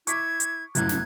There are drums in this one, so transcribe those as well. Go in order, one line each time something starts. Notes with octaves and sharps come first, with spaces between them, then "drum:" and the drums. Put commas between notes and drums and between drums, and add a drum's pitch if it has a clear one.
E4 C#6 D6 G#6 B6, drum: hi-hat
drum: hi-hat
G1 F#2 A2 F#6 G#6, drum: hi-hat
drum: snare